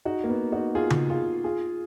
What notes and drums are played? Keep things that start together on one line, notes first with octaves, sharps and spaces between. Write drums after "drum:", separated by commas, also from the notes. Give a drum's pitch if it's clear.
D#4 F#4
A#3
B3
D#4 F#4
F4 G#4
drum: tom C#3
F4 G#4
F4 G#4